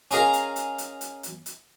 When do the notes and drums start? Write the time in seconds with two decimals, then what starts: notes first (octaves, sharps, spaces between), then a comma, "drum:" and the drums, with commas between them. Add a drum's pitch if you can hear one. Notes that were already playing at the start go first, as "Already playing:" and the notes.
0.11 C#4 G#4 A#4 D#5 F5 A#5, drum: hi-hat
0.33 drum: hi-hat
0.56 drum: hi-hat
0.78 drum: hi-hat
1.01 drum: hi-hat
1.23 drum: hi-hat
1.46 drum: hi-hat